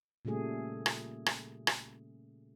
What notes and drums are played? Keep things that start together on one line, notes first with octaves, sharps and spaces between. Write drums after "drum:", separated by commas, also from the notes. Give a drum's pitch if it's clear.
A#2 C#3 G3 A3 G#4
drum: rim click
drum: rim click
drum: rim click